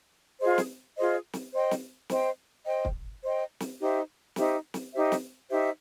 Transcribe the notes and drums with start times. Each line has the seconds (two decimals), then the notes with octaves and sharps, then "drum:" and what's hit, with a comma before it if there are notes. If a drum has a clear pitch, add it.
0.39 F4 G#4 C5 D#5
0.58 drum: snare
0.95 F4 G#4 C5 D#5
1.33 drum: snare
1.52 C5 D#5 G5
1.71 drum: snare
2.10 C5 D#5 G5, drum: snare
2.65 C5 D#5 G5
2.85 drum: kick
3.22 C5 D#5 G5
3.60 drum: snare
3.79 D#4 G4 C5 E5
4.36 D#4 G4 C5 E5, drum: snare
4.74 drum: snare
4.93 D#4 G4 C5 E5
5.12 drum: snare
5.49 D#4 G4 C5 E5